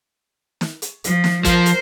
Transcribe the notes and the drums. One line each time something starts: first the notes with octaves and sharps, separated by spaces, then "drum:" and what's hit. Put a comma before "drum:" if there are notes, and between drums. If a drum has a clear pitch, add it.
drum: snare
drum: hi-hat
F3, drum: hi-hat
drum: snare
F3 A#4 C5, drum: kick, hi-hat
drum: hi-hat